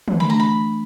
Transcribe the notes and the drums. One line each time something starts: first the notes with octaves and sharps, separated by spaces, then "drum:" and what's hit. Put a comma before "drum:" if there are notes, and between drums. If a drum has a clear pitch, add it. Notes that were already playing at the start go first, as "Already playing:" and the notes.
drum: tom
E3 A3 D4 B5
A#5
B5